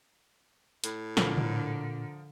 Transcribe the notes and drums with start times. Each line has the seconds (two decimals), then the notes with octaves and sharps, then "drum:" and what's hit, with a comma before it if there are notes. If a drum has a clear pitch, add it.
0.84 A2, drum: hi-hat
1.17 A#2 D3 F3 A#4, drum: snare
1.37 drum: tom A2